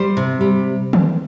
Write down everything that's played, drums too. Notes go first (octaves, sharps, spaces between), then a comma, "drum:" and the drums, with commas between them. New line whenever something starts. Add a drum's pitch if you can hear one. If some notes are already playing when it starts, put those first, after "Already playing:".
Already playing: G3 C5
C3
G3
drum: tom